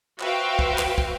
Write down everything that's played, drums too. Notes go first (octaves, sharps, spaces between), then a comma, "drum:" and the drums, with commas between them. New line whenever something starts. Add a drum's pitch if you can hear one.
F#4 B4 C5 E5 F5 G5, drum: clap
drum: kick
drum: clap
drum: kick